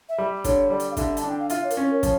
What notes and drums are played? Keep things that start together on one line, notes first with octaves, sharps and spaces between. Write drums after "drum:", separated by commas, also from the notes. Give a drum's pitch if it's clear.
E5
G3
D3 C#5, drum: kick, hi-hat
G3 D5
drum: hi-hat
F5
D3 E5, drum: kick, hi-hat
A5, drum: hi-hat
D4 G5
F5
F4 E5, drum: hi-hat
C#5
A#4, drum: hi-hat
C#4 C#5
A#4
F3 C#5, drum: kick, hi-hat